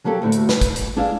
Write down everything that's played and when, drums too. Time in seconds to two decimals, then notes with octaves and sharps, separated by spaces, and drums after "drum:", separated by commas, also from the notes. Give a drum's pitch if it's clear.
0.04 F3 F#3 A#3 G4 A4
0.22 D2 A2 E4 F#4
0.32 drum: hi-hat
0.49 B4, drum: snare
0.61 drum: kick, hi-hat
0.76 D#2, drum: hi-hat
0.96 G#3 D4 E4 G#4 F5